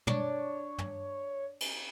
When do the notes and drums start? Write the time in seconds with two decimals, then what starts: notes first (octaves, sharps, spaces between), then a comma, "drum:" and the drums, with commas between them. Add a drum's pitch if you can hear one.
0.07 D4 C#5, drum: tom
0.78 drum: tom
1.60 drum: cymbal